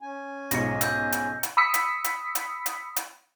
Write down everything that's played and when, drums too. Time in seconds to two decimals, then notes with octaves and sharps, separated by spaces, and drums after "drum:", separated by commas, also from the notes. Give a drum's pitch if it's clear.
0.01 C#4 G#5
0.51 B1 G#2 F3 A#6 C#7, drum: hi-hat
0.81 E6 G6, drum: hi-hat
1.12 drum: hi-hat
1.43 drum: hi-hat
1.57 B5 D#6 E6 B6 C#7
1.74 drum: hi-hat
2.04 drum: hi-hat
2.35 drum: hi-hat
2.66 drum: hi-hat
2.96 drum: hi-hat